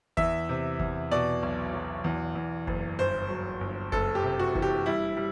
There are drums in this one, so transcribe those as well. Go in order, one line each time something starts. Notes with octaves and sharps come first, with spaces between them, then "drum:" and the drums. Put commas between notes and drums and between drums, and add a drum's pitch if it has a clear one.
E2 E5, drum: kick F#1
C3
E2, drum: kick F#1
B2 D5
B1
F#3
E2
E2
F#1, drum: kick F#1
G1 C5
F#3
G1
F#1 A4, drum: kick F#1
G4
C3
F#4
E3, drum: kick F#1
G4
G3 E4
G3